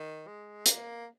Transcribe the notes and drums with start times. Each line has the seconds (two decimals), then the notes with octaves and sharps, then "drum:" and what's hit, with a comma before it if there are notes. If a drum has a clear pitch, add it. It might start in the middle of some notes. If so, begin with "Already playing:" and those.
Already playing: D#3
0.27 G#3
0.66 A#3, drum: hi-hat